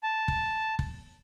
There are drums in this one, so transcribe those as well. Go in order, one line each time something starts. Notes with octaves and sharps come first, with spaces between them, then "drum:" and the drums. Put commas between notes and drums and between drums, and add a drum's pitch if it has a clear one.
A5
drum: kick
drum: kick